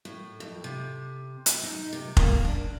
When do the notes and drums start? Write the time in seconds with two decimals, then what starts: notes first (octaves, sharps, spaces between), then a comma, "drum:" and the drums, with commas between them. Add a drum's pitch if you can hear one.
0.05 A2
0.40 F2
0.64 C3
1.46 drum: hi-hat
1.63 D#4
1.93 C3
2.17 A#3, drum: kick F1
2.45 D4